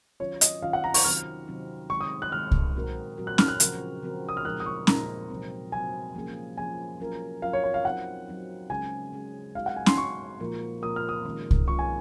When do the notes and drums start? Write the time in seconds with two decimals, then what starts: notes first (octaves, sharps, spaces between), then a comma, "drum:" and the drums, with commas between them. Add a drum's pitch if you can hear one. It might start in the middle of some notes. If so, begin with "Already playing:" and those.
0.20 D#3 F#3 C#4 F4 C#5
0.41 D#5, drum: hi-hat
0.62 D#3 F#3 C#4 F4 F5
0.73 F#5
0.84 A#5
0.94 C#6, drum: open hi-hat
1.05 C3 D#3 F#3 C4 D#4 F6
1.48 C3 D#3 F#3 C4 D#4
1.90 D#3 G#3 D#4 C#6
2.01 D#6
2.22 F#6
2.32 D#3 G#3 D#4 F6
2.51 drum: kick C2
2.75 A#2 F#3 C4 F#4 A#4
3.17 A#2 F#3 C4 F#4 A#4
3.27 F#6
3.38 F6, drum: snare
3.48 F#6
3.60 C#3 F3 C4 F#4 A#4, drum: hi-hat
4.02 C#3 F3 C4 F#4 A#4
4.29 D#6
4.37 F6
4.45 A#2 F3 G#3 D#4 A#4 F#6
4.60 D#6
4.66 C#6
4.87 A#2 F3 G#3 D#4 A#4 A#5, drum: snare
5.30 C3 F#3 C4
5.72 C3 F#3 C4 G#5
6.15 F3 A#3 C#4 G#4
6.58 F3 A#3 C#4 G#4 G#5
7.00 F#3 C#4 F4 A#4
7.42 F#3 C#4 F4 A#4 F5
7.53 C#5
7.64 C#5
7.74 F5
7.85 F#3 C4 D#4 F#5
8.28 F#3 C4 D#4
8.70 C#3 G#3 C#4 G#4 G#5
9.13 C#3 G#3 C#4 G#4
9.55 G#3 D#4 F#4 F5
9.66 F#5
9.76 G#5
9.86 C6, drum: snare
9.98 G#3 D#4 F#4 C#6
10.40 A#2 F3 A#3 F4 A#4
10.82 A#2 F3 A#3 F4 A#4 D#6
10.96 F6
11.09 D#6
11.25 D#3 G#3 C#4 F4
11.51 drum: kick C2
11.68 D#3 G#3 C#4 F4 C#6
11.79 G#5